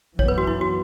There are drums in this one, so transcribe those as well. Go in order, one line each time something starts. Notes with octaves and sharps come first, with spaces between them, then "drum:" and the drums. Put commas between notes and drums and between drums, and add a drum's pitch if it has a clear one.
F#2 E3 B3 C#5, drum: kick A1
B4
F#4
E4
F#4